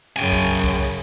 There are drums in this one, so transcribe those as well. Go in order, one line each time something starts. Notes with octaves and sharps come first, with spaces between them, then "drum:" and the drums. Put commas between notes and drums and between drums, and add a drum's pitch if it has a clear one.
F#2 C#3 G5 G#5
drum: kick C2, hi-hat
drum: kick C2, open hi-hat